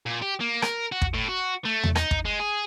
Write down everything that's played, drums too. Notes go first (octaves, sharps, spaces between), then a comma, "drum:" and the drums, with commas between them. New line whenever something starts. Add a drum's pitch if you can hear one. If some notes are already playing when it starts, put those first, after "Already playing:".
A#2
G4
A#3
A#4, drum: rim click
F#4
drum: kick
A2
F#4
A3
drum: tom E2
D#4, drum: rim click
drum: kick
G#3
G#4